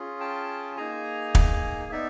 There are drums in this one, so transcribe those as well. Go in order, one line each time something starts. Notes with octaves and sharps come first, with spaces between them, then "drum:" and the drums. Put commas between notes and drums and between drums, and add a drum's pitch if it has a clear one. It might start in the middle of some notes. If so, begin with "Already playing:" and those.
Already playing: C#4 F4 G#4
G5 A5
A#3 D#4 G#4 G#5 A#5
drum: kick
B3 D#4 D5 E5